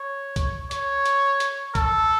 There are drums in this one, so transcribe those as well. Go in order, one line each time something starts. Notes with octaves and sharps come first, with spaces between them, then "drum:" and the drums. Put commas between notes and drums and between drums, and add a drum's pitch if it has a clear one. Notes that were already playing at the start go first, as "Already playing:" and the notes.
Already playing: C#5
drum: kick C2, hi-hat
C#5, drum: hi-hat
drum: hi-hat
drum: hi-hat
A4, drum: kick C2, hi-hat